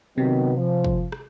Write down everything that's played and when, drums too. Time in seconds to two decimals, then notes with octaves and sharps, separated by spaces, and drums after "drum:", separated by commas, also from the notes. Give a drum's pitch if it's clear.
0.18 C3 D#3 F#3 B3
0.57 F3
0.84 drum: kick
1.12 drum: rim click